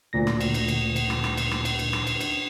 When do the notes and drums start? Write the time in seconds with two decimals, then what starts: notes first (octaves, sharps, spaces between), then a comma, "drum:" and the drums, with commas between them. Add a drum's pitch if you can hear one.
0.13 D2 A#2 A#6
0.27 drum: rim click
0.41 drum: cymbal
0.54 drum: cymbal
0.68 drum: cymbal
0.96 drum: cymbal
1.10 drum: rim click
1.24 drum: rim click
1.37 drum: cymbal
1.51 drum: rim click
1.65 drum: cymbal
1.79 drum: cymbal
1.93 drum: rim click
2.07 drum: cymbal
2.21 drum: cymbal